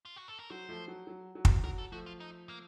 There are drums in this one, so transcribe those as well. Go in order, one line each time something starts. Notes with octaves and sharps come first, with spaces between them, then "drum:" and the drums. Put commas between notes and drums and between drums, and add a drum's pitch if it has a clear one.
F4
F#4
A4
A#4
F#3 C5
F3 A3
F#3
F#3
F#3
drum: kick
F#3 A#4
A4
F3 A3 F#4
F4
D#4
A#3